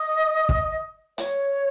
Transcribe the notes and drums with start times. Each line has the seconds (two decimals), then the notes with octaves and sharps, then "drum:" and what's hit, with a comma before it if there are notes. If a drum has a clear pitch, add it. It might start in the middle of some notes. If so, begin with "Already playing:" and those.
Already playing: D#5
0.49 drum: kick
1.18 C#5, drum: hi-hat